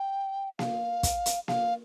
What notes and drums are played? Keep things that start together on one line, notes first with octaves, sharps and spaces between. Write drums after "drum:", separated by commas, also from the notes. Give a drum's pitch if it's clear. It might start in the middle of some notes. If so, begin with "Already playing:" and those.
Already playing: G5
F5, drum: snare A#3
drum: kick, hi-hat
drum: hi-hat
F5, drum: snare A#3